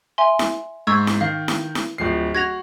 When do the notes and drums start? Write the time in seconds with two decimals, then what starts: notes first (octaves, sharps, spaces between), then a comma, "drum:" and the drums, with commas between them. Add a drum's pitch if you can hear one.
0.18 E5 G#5 C6
0.39 drum: snare E4
0.87 G#2 C#6 E6 G#6
1.07 drum: snare E4
1.21 D#3 F5
1.48 drum: snare E4
1.75 drum: snare E4
1.98 D1 F3 C7
2.35 F#4 G#6 A#6 F7